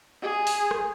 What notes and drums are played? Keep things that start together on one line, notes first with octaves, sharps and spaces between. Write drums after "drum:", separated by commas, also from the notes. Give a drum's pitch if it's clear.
G#4
drum: open hi-hat
drum: rim click